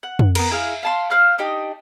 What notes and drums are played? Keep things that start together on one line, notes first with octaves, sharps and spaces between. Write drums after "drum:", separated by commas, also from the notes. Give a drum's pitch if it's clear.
F#5
drum: tom
B3 A#4, drum: cymbal
E4 G#4 A#4 F5
F5 A5 C6
C5 F5 F6 F#6
D4 D#4 G4 D#5